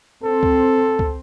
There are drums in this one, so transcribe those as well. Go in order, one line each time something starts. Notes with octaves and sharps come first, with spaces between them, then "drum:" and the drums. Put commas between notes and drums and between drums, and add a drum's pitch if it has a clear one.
C4 A4
drum: kick C#2
drum: kick C#2